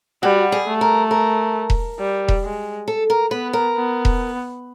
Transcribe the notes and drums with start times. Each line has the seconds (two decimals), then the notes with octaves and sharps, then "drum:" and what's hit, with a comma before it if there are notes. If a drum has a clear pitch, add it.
0.23 G3 F#4
0.52 G#4
0.67 A3
0.81 A#4
1.11 A#4
1.70 drum: kick E1
1.99 G3
2.28 drum: kick E1
2.43 G#3
2.88 A4
3.10 A#4
3.31 B3 B4
3.53 A#4
3.76 B3
4.05 drum: kick E1